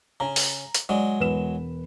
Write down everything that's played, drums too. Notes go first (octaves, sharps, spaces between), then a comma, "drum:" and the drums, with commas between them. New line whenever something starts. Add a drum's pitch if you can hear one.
C#3 A#5
drum: open hi-hat
drum: hi-hat
F#3 G#3 D5
E1 B4 E7